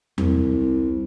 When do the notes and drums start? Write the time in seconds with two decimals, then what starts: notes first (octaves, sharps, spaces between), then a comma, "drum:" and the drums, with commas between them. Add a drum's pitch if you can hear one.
0.18 C2, drum: tom E2